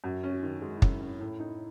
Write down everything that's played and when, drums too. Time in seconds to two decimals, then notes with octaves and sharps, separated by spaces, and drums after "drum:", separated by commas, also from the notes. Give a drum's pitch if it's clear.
0.04 F#2 F#4
0.23 C#4
0.33 F#4
0.43 D#3
0.62 G#3 F#4
0.77 E4
0.82 F#2, drum: kick
0.91 E4
1.00 C#4
1.06 E4
1.20 A2
1.40 D#4